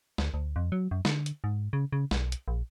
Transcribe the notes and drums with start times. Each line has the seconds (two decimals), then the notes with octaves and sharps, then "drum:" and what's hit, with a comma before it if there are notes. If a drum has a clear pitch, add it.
0.18 D2, drum: snare
0.34 D2
0.56 F2
0.72 F#3
0.91 F#2
1.05 D3, drum: snare
1.26 drum: hi-hat
1.44 G#2
1.73 C#3
1.92 C#3
2.11 B1, drum: snare
2.32 drum: hi-hat
2.48 A#1